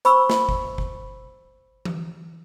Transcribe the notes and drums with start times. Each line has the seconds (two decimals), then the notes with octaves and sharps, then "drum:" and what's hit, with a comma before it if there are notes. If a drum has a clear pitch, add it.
0.05 C5 B5 C#6 E6, drum: hi-hat
0.30 drum: snare
0.49 drum: kick G1
0.78 drum: kick G1
1.85 drum: tom E3